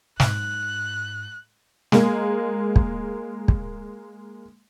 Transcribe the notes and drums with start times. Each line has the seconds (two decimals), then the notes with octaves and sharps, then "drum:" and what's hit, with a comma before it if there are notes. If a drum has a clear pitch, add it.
0.20 G#2 F#6, drum: snare
1.92 G#3 A#3, drum: snare
2.76 drum: kick
3.48 drum: kick